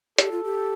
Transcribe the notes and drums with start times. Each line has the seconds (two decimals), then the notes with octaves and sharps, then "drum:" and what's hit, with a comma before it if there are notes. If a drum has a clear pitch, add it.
0.18 G4 A4, drum: hi-hat
0.32 F4
0.44 G4